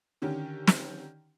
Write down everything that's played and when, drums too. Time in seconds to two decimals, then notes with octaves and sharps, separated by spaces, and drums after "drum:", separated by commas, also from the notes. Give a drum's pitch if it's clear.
0.22 D3 D#3 C#4 G4
0.67 drum: snare